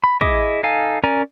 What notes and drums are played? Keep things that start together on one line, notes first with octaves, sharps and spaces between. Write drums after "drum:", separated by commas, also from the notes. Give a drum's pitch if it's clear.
B5
E4 G#4 D#5 D6 D#6, drum: kick
D#4 A4 F5 G#5
C#4 A#4 D5 G#5 A#5